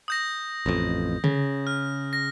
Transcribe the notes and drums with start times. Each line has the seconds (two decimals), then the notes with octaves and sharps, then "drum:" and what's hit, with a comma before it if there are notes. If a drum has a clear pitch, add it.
0.08 D#6 G6 A#6
0.66 A1 F2
1.24 C#3, drum: tom C#3
1.67 F6
2.13 A#6